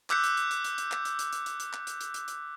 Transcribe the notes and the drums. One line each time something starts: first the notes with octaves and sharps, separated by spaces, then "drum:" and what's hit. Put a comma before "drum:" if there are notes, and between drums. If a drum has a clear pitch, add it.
D6 E6 F#6 G6 B6 C#7, drum: clap
drum: hi-hat
drum: hi-hat
drum: hi-hat
drum: hi-hat
drum: hi-hat
drum: clap
drum: hi-hat
drum: hi-hat
drum: hi-hat
drum: hi-hat
drum: hi-hat
drum: clap
drum: hi-hat
drum: hi-hat
drum: hi-hat
drum: hi-hat